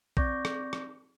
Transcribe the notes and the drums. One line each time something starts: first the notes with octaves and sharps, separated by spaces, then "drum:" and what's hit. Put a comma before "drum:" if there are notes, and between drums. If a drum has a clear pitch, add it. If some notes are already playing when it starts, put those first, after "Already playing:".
C4 D5 C#6 D6 G6 A#6, drum: kick A#1
drum: rim click
drum: rim click